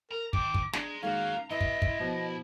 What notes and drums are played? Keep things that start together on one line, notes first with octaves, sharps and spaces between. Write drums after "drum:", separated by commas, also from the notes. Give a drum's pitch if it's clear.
A#4 A#5
D#3 C5 D6, drum: kick
drum: kick
G#3 D4 A#5, drum: snare
D#3 G#3 A#3 C#4 F#4 F5
E3 E4 D#5 E5 C6
drum: kick
drum: kick
B2 F3